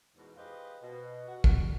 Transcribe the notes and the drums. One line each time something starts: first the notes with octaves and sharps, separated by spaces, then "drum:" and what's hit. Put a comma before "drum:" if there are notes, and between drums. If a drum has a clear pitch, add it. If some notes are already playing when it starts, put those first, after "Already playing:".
E2 G#2 B2
F4 G4 G#4 B4 C5 D#5
B2
F#4
drum: kick